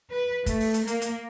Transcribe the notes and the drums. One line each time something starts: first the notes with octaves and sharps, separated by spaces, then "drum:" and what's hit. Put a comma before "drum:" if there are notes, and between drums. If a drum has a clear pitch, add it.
B4
A3, drum: kick, hi-hat
drum: open hi-hat
drum: hi-hat
A#3, drum: hi-hat
drum: hi-hat